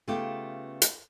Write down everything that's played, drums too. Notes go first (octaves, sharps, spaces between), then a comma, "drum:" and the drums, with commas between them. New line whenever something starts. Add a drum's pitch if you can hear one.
C#3 A3 B3 F4 G4
drum: hi-hat